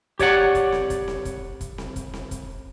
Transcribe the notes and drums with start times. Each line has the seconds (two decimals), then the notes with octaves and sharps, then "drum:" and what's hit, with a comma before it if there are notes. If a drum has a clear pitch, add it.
0.19 G4 C#5 D5 F#5, drum: kick, hi-hat
0.55 drum: kick, hi-hat
0.72 drum: snare C4
0.90 drum: kick, hi-hat
1.08 drum: snare C4
1.25 drum: kick, hi-hat
1.61 drum: kick, hi-hat
1.78 drum: snare C4
1.96 drum: kick, hi-hat
2.14 drum: snare C4
2.31 drum: kick, hi-hat